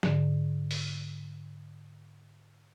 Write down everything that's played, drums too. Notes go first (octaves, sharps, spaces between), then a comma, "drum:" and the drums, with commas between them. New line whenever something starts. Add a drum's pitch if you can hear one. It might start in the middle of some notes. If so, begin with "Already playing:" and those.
G#2 D3, drum: snare
drum: open hi-hat